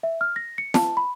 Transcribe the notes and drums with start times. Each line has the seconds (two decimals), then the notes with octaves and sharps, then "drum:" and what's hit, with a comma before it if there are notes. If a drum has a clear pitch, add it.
0.03 E5
0.21 F6
0.36 A#6
0.58 C#7
0.74 A5, drum: snare
0.97 B5